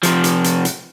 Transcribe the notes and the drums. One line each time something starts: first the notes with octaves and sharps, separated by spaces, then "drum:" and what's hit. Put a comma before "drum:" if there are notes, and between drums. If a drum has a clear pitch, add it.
C3 F3, drum: hi-hat
drum: hi-hat
drum: hi-hat
drum: hi-hat